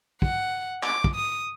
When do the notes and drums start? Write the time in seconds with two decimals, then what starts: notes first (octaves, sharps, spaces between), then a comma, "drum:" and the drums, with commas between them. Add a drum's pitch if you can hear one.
0.22 F#5, drum: kick
0.83 D6, drum: clap
1.04 drum: kick
1.15 D#6